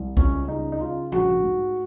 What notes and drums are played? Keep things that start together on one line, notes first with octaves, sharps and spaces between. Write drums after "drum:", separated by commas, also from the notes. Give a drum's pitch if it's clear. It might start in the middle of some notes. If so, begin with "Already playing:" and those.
Already playing: C2
C#2 C#4, drum: kick
C#3 D#4
D#4
C#3 F4
A#1 F#4, drum: tom G#2
G#2